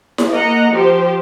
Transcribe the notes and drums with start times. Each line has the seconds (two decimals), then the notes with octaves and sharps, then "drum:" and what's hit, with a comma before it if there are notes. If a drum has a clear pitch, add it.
0.18 drum: snare E4
0.30 A#3 D#5 F#5 A#5
0.70 F3 G4 C5